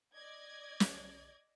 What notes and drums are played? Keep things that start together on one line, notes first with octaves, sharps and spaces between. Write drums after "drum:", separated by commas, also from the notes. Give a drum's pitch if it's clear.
D5 D#5 G#6
drum: snare